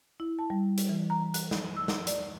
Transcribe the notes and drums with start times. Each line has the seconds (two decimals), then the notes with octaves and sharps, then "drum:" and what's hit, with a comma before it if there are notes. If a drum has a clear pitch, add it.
0.20 E4
0.39 A5
0.50 G3
0.77 drum: hi-hat
0.89 E3
1.10 A#5
1.34 F#6, drum: hi-hat
1.51 drum: snare
1.77 E6
1.88 drum: snare
2.07 D5, drum: hi-hat